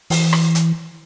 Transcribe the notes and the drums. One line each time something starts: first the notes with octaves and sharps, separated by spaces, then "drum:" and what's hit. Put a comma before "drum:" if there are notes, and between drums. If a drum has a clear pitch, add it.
E3, drum: open hi-hat
drum: rim click
drum: hi-hat